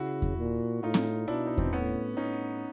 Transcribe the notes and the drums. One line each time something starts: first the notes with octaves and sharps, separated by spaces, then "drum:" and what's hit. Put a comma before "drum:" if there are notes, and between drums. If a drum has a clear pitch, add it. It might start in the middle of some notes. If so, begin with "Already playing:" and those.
Already playing: C#3 E4 F#4
drum: kick E2
A#2
A2 D#4 F4
drum: snare C4
B2 D4 E4
D#4
C4 D4, drum: kick E2
A2 B3 C#4
A2 C#4 D#4